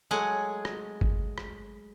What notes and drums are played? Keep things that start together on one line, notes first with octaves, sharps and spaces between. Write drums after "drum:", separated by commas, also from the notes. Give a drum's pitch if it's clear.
F#3 G#3 A3 F#5 G#5
drum: rim click
drum: kick G1
drum: rim click